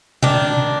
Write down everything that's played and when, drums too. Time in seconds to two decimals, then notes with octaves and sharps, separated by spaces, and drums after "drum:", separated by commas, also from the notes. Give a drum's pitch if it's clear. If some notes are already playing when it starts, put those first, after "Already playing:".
0.23 D#3 D4, drum: tom B2